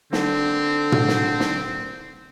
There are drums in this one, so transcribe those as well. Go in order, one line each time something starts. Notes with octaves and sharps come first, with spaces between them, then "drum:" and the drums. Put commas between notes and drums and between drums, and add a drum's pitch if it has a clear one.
D3 C4, drum: snare
drum: tom
drum: snare
drum: snare